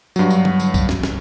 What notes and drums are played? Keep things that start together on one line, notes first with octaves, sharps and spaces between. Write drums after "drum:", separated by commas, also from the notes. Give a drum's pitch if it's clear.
G2 F#3, drum: tambourine
drum: tambourine
drum: tom D3
drum: tambourine
drum: kick, tambourine
drum: snare
drum: snare